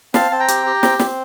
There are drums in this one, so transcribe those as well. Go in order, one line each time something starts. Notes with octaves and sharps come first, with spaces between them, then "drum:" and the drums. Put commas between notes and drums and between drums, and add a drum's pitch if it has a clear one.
C4 F5 A5, drum: snare
C4 A5
G5 A#5
G4, drum: hi-hat
G4
C4, drum: snare
C4, drum: snare